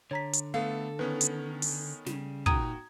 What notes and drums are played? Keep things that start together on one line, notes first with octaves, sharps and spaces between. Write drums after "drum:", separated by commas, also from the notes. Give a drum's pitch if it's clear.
D3 C#5 A#5 B6
drum: hi-hat
A3 B3 A4 F5
D#3 B3 C#4 B4
drum: hi-hat
drum: open hi-hat
C#3 G3, drum: snare
A#2 D#4 F#4 G5 A#5 D#6 G#6 D#7, drum: kick